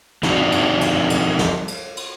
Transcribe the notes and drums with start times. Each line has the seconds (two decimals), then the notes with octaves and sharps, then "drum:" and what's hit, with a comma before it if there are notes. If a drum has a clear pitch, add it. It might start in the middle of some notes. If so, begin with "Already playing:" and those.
0.23 F3 C4 D4 D#4 F#4, drum: snare
0.52 drum: cymbal
0.81 drum: cymbal
1.10 drum: cymbal
1.39 drum: snare
1.68 drum: cymbal
1.97 drum: cymbal